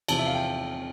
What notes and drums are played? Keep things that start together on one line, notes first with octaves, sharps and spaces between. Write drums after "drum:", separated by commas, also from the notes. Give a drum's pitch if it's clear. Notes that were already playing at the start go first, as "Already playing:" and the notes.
E2 C3 F3 A5, drum: cymbal
E5
F5
G5